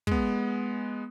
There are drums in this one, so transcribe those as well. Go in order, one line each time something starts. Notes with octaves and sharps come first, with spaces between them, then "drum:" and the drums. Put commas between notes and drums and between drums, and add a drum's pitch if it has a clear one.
G#3 B3, drum: kick